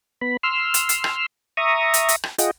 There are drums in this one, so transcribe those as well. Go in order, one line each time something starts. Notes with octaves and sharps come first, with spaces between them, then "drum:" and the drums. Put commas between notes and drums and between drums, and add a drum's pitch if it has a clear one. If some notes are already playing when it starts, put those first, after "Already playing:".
B3 B5
C6 E6 F6
drum: hi-hat
drum: hi-hat
drum: rim click
E5 A#5 C#6 D#6
drum: hi-hat
drum: hi-hat
drum: rim click
F4 G#4 D#5 F#5 G5, drum: hi-hat